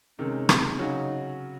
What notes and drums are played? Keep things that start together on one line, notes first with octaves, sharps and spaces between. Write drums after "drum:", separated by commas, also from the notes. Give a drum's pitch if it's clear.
C3 D#3 G#3 C#4
C4, drum: rim click
C#3 F#3 C#4 D#4 F#4